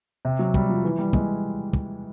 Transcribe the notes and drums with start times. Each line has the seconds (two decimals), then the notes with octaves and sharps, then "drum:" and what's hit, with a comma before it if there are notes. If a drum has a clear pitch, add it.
0.25 C3
0.39 F#3
0.54 G3, drum: kick
0.69 F3
0.84 E3
0.99 G3
1.13 G#3, drum: kick
1.73 drum: kick